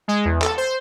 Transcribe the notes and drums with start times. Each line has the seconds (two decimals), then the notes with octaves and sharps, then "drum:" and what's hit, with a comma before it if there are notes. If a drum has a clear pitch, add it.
0.08 G#3
0.25 E2
0.42 A4, drum: clap
0.57 C5